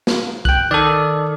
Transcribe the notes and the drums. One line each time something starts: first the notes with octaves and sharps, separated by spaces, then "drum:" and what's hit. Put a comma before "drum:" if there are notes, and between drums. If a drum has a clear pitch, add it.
drum: snare
G5 F#6, drum: kick
D#3 A4 D5